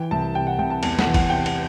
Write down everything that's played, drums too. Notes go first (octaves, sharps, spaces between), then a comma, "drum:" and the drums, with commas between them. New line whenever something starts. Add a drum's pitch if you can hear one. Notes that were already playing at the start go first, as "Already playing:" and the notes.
Already playing: E3 G5
C2 A5
C3 G5
F#5
C2 G5
A5
E2 A5, drum: cymbal
F#5, drum: snare
E3
F#5, drum: kick, cymbal
C3 G5
F#5, drum: cymbal